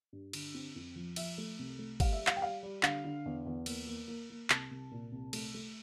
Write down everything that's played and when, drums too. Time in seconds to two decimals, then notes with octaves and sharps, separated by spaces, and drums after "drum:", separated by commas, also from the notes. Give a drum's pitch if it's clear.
0.13 G2
0.33 D3, drum: cymbal
0.54 C4
0.76 F2
0.96 F3
1.16 F3 E5, drum: cymbal
1.38 A3
1.59 C2
1.79 A3
2.00 G3 F5, drum: kick G1, cymbal
2.13 E5
2.21 G3
2.27 F5, drum: clap
2.37 G5
2.41 G3 F5
2.63 G3
2.83 D3 F5, drum: clap
3.05 D3
3.26 E2
3.46 E2
3.66 A#3, drum: cymbal
3.87 A#3
4.08 A#3
4.30 A#3
4.50 C2 A5, drum: clap
4.71 C2
4.92 A#2
5.12 C2
5.33 A3, drum: cymbal
5.54 A3